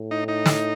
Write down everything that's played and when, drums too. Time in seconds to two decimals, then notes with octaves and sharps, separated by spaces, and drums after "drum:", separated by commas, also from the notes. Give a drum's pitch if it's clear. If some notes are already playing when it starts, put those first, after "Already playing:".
Already playing: A2
0.11 D#4
0.28 D#4
0.46 drum: snare